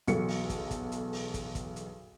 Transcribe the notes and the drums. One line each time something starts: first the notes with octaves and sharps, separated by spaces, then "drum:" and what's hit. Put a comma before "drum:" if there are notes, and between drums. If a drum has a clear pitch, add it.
B1 E2 F#3 A4 C#7, drum: hi-hat
drum: open hi-hat
drum: kick, hi-hat
drum: kick, hi-hat
drum: hi-hat
drum: open hi-hat
drum: kick, hi-hat
drum: kick, hi-hat
drum: hi-hat